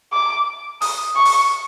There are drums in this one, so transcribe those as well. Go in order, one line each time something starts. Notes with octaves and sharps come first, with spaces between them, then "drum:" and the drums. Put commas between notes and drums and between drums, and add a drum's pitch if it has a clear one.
D6
D#6, drum: open hi-hat
C#6
drum: open hi-hat